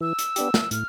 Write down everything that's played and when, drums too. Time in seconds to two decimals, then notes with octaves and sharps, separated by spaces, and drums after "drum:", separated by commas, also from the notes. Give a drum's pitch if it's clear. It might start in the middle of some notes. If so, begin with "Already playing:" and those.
0.01 E3 E6
0.19 drum: hi-hat
0.36 B3 D4 G4, drum: hi-hat
0.54 drum: snare
0.71 A2 F6, drum: hi-hat